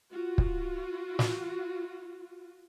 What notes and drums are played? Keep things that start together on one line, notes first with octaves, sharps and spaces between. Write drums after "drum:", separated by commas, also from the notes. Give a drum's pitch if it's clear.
F4 F#4
drum: kick
drum: snare